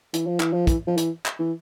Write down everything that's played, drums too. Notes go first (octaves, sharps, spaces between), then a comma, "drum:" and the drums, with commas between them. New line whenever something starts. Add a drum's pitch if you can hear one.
E3, drum: hi-hat
F3
E3, drum: clap
F3
E3, drum: kick, hi-hat
F3
E3, drum: hi-hat
drum: clap
E3